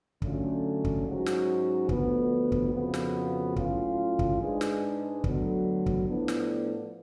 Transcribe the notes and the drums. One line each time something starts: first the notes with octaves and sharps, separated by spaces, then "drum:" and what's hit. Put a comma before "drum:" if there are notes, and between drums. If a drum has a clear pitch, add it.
D3 F#3 A3 C#4 F4, drum: kick
drum: kick
G#2 F#3 C#4 F#4
drum: snare
D2 D3 F3 B3, drum: kick
drum: kick
F2 C#3 F3 B3 F#4
drum: snare
A2 F#3 C#4 F4, drum: kick
drum: kick
G#2 G#3 D4 G#4 B4
drum: snare
D2 D3 F#3 B3, drum: kick
drum: kick
A2 F3 B3 D4
drum: snare